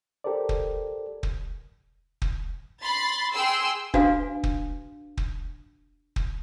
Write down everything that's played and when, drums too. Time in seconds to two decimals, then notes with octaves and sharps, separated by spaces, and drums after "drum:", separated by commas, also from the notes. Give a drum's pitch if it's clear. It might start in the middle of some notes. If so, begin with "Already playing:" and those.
0.24 G4 A4 A#4 C5 D5
0.49 drum: kick
1.23 drum: kick
2.22 drum: kick
2.81 B5 C6 A6
3.33 G#4 G5 C6 E6
3.94 D4 F#4 B4 F5 G#5, drum: kick
4.43 drum: kick
5.17 drum: kick
6.16 drum: kick